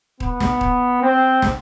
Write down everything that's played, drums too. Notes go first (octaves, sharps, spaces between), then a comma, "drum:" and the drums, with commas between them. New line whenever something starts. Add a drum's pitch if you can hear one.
B3, drum: kick D#1
drum: snare
drum: kick D#1
C4
drum: snare